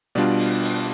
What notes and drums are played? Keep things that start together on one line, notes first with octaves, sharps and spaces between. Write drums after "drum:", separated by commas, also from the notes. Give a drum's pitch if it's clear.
B2 G3 D4 F4 D5, drum: hi-hat
drum: open hi-hat
drum: open hi-hat